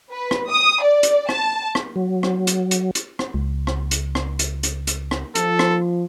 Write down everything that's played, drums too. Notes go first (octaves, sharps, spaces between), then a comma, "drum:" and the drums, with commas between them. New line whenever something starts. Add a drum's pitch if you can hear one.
B4
drum: rim click
D#6
D5
drum: hi-hat
A5, drum: rim click
drum: rim click
F#3
drum: rim click
drum: hi-hat
drum: hi-hat
drum: hi-hat
drum: rim click
C#2
drum: rim click
drum: hi-hat
drum: rim click
drum: hi-hat
drum: hi-hat
drum: hi-hat
drum: rim click
F3 A4, drum: hi-hat
drum: rim click